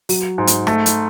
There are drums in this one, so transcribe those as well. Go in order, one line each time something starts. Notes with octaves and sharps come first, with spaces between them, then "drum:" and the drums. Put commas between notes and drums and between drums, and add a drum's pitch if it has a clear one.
F#3, drum: open hi-hat
G#2
drum: hi-hat
A3, drum: rim click
drum: hi-hat